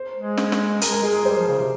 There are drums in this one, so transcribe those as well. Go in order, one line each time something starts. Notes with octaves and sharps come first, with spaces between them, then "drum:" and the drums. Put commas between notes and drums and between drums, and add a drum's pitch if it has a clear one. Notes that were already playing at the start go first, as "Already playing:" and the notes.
Already playing: C5
G#3
drum: snare
drum: snare
G#3 A#4, drum: hi-hat
A#4
G#3 G#4
G#4
G3 C5
F3
C#3
C3